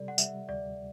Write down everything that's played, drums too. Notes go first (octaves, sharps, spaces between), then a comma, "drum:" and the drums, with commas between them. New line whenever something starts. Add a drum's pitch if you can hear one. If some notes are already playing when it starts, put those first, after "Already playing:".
Already playing: C3 G3 A4 D5
F#5
G3 E5, drum: tambourine
D2 D5